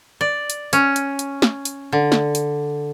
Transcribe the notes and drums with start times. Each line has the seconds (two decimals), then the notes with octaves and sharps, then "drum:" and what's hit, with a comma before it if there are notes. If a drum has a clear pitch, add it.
0.21 D5
0.50 drum: hi-hat
0.73 C#4, drum: hi-hat
0.96 drum: hi-hat
1.19 drum: hi-hat
1.42 drum: snare
1.65 drum: hi-hat
1.92 D3
2.12 drum: snare
2.35 drum: hi-hat